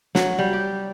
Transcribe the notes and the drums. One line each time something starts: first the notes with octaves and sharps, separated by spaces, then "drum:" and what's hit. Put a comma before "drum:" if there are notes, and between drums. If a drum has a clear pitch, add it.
F#3, drum: snare
G3
G4